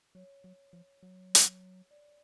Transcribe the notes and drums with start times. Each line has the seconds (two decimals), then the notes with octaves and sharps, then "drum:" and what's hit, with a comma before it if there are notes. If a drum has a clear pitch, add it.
0.15 F#3 C#5
0.44 F#3
0.73 F3
1.03 F#3
1.35 drum: hi-hat
1.91 D5